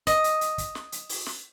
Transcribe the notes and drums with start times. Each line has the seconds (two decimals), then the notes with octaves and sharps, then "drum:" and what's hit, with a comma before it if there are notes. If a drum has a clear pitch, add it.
0.07 D#5, drum: kick, hi-hat
0.24 drum: hi-hat
0.41 drum: hi-hat
0.58 drum: kick, hi-hat
0.75 drum: snare
0.92 drum: hi-hat
1.09 drum: open hi-hat
1.26 drum: snare